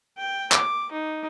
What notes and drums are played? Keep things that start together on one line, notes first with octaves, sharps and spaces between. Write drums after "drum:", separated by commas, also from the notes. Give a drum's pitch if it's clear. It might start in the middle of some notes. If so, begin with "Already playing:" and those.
G5
D6, drum: clap
D#4